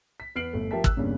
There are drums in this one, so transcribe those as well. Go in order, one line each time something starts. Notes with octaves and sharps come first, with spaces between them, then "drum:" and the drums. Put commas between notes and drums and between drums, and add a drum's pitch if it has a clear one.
B6
E2 B3 F6 C7 D7 F#7
G1 A3
F3 G4 A#4 E5 A5 B6
E6 F#6, drum: kick
E2 G2 A#2 C#3